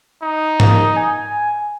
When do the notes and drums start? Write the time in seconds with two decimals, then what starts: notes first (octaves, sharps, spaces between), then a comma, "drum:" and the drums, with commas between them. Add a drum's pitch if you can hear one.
0.22 D#4
0.60 A#3, drum: tom G#2
0.97 G#5